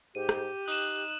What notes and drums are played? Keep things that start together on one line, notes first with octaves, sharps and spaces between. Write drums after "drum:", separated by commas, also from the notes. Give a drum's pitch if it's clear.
G#2 G4 D#7
drum: rim click
D#4 D#6 F#6 E7, drum: cymbal